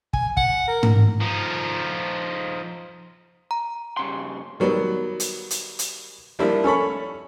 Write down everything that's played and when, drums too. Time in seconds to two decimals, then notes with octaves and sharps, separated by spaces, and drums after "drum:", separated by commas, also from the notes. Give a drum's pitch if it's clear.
0.13 G#5, drum: kick
0.37 F#5, drum: kick
0.68 A#4
0.83 drum: tom G#2
1.21 F3 D#4
3.51 A#5
3.97 G2 C#3 C6
4.60 D#3 F#3 G3 B3
5.20 drum: hi-hat
5.50 drum: hi-hat
5.79 drum: hi-hat
6.39 F3 G3 A#3 D4 E4
6.64 C#4 A4 C#5 B5